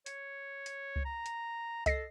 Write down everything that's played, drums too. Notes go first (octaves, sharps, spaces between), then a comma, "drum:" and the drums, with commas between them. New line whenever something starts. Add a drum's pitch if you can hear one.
C#5, drum: hi-hat
drum: hi-hat
drum: kick C2
A#5
drum: hi-hat
A4 D#5 A#6 C7, drum: kick C2, hi-hat